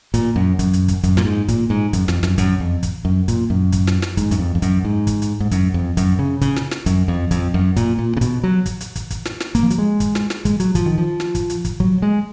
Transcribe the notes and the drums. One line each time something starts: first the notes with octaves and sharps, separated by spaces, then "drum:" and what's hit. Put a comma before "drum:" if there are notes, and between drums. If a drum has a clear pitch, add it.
A#2, drum: kick, hi-hat
F#2
F#2, drum: kick, hi-hat
drum: hi-hat
drum: kick, hi-hat
F#2, drum: kick, hi-hat
A#2, drum: snare
G#2
A#2, drum: kick, hi-hat
G#2
F#2, drum: kick, hi-hat
F2, drum: snare
F#2, drum: snare
F#2, drum: kick, hi-hat
F2
drum: kick, hi-hat
F#2
A#2, drum: kick, hi-hat
F#2
drum: kick, hi-hat
drum: snare
drum: snare
G#2, drum: kick, hi-hat
F#2, drum: hi-hat
F2
F2
F#2, drum: kick, hi-hat
G#2
drum: kick, hi-hat
drum: hi-hat
G#2
F#2, drum: kick, hi-hat
F2
F#2, drum: kick, hi-hat
C#3
C#3, drum: kick, hi-hat
drum: snare
drum: snare
F#2, drum: kick, hi-hat
F2
F2, drum: kick, hi-hat
F#2
A#2, drum: kick, hi-hat
A#2
C#3
B2, drum: kick, hi-hat
F#3
drum: kick, hi-hat
drum: hi-hat
drum: kick, hi-hat
drum: kick, hi-hat
drum: snare
drum: snare
A#3, drum: kick, hi-hat
F3
F#3, drum: hi-hat
G#3
drum: kick, hi-hat
drum: snare
drum: snare
G#3, drum: kick, hi-hat
F#3, drum: hi-hat
F3, drum: kick, hi-hat
D#3
F3
drum: snare
drum: kick, hi-hat
drum: hi-hat
drum: kick, hi-hat
F#3, drum: kick
G#3